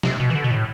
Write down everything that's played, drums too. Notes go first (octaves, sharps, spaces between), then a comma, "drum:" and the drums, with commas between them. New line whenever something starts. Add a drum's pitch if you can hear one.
C3, drum: snare
B2
E3
D3
B2
A2